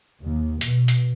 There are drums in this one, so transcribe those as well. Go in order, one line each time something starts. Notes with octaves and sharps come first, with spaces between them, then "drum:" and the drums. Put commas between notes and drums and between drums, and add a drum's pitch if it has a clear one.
D#2
B2, drum: hi-hat
drum: hi-hat